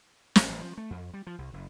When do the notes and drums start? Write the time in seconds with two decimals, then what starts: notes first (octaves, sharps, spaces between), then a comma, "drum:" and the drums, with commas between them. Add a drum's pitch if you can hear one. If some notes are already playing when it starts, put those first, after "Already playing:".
0.36 A1, drum: snare
0.48 A1
0.61 F3
0.77 A3
0.90 F2
1.13 G3
1.27 F3
1.38 C2
1.53 F#1